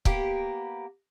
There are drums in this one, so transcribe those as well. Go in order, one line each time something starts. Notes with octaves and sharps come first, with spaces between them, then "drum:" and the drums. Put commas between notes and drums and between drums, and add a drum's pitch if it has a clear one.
A#3 B3 G4, drum: kick